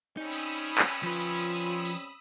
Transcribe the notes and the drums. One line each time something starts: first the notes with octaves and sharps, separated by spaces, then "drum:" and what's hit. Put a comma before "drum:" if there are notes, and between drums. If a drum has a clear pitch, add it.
G3 C4 C#4 D#4 B5 D#6 E6
drum: open hi-hat
drum: clap
F3 F4 B4
drum: hi-hat
drum: open hi-hat